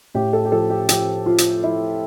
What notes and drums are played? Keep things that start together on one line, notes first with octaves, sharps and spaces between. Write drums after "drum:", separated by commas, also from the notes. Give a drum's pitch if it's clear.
A2 G4
A4
G4
F3 A4
G4
F3 G4, drum: hi-hat
F3 F4
drum: hi-hat
F3 E4